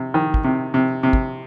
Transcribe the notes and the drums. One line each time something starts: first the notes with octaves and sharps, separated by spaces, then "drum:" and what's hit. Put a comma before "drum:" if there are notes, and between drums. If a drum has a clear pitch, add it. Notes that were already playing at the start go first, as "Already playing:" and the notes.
Already playing: C3
D#3
drum: kick
C3
C3
C3
drum: kick